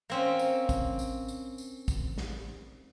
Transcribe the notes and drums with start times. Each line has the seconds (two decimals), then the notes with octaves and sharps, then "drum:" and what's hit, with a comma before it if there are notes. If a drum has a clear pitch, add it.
0.10 A#3 C4 C#4
0.39 drum: tambourine
0.69 drum: kick A1, tambourine
0.99 drum: tambourine
1.28 drum: tambourine
1.58 drum: tambourine
1.88 drum: kick A1, tambourine
2.18 drum: snare